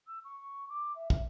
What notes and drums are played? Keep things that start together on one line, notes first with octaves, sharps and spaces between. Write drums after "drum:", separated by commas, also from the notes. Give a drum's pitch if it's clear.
E6
C#6
D6
E5
E5, drum: kick